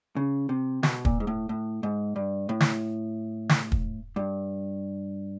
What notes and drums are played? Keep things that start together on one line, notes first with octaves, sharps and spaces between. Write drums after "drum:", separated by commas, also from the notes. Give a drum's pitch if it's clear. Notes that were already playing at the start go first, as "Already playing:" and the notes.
C#3
C3
B2, drum: snare
A#2, drum: kick
G#2
A2
A2
G#2
G2
A2
drum: snare
drum: snare
drum: kick
G2